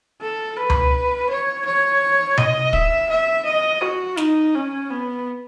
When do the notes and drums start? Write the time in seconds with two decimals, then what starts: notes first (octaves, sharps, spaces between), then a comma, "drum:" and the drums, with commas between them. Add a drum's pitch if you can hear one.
0.21 A4
0.57 B4
0.70 drum: tom C#2
1.30 C#5
1.65 C#5
2.37 D#5, drum: tom C3
2.73 E5, drum: kick
3.09 E5
3.45 D#5
3.81 F#4
4.18 D#4, drum: snare
4.54 C#4
4.90 B3